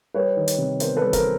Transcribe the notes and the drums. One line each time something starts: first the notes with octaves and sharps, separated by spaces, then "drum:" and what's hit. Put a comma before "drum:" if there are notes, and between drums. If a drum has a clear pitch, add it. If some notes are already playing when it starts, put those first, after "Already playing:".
G3 B4 C#5
D#3
drum: hi-hat
C3
B3 A#4 C5, drum: hi-hat
A4 B4
G3
A#4 C5, drum: kick, hi-hat